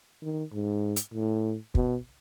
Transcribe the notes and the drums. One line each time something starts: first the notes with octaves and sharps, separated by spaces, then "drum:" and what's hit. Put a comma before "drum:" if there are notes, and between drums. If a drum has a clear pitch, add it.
D#3
G#2
drum: hi-hat
A2
B2, drum: kick